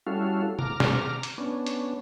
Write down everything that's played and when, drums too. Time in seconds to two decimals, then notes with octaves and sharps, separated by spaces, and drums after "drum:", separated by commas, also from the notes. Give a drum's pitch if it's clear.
0.07 G3 C#4 E4 F#4 A4 F5
0.59 A#5 D6 F6, drum: tom
0.80 drum: snare
1.23 drum: hi-hat
1.38 B3 C#4 D4
1.67 drum: hi-hat